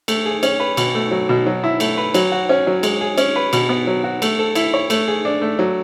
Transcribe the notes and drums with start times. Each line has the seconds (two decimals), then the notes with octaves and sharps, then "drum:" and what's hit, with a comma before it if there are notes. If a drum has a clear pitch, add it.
0.08 A3, drum: cymbal
0.25 G#4
0.43 C#4, drum: cymbal
0.60 B4
0.77 B2, drum: cymbal
0.95 A3
1.11 F#3
1.29 B2
1.46 F#3
1.64 E4
1.80 A3, drum: cymbal
1.97 B4
2.14 F#3, drum: cymbal
2.32 F#4
2.49 C#4
2.67 F#3
2.83 G#3, drum: cymbal
3.01 G#4
3.18 C#4, drum: cymbal
3.36 B4
3.53 B2, drum: cymbal
3.69 B3
3.87 F#3
4.04 F#4
4.22 A3, drum: cymbal
4.39 A4
4.55 E4, drum: cymbal
4.74 C#5
4.90 A3, drum: cymbal
5.08 G#4
5.25 D4
5.41 A3
5.59 F#3